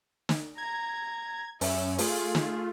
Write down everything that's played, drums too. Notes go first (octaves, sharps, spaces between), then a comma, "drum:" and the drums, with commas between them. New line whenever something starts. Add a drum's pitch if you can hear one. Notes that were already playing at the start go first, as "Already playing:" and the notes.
drum: snare
A#5 G#6
F#2 C#4 E5, drum: open hi-hat
A3 F4 G#4, drum: open hi-hat
drum: snare